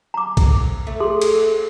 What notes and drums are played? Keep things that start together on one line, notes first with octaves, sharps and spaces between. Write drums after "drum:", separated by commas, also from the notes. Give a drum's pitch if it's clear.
A#5 D6
drum: kick, cymbal
A3
G#4 A4 C6
drum: cymbal